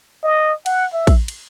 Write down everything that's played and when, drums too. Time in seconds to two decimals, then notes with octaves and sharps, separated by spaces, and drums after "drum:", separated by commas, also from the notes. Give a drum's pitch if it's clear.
0.24 D#5
0.66 F#5, drum: cymbal
0.93 E5
1.07 drum: kick, cymbal
1.28 drum: cymbal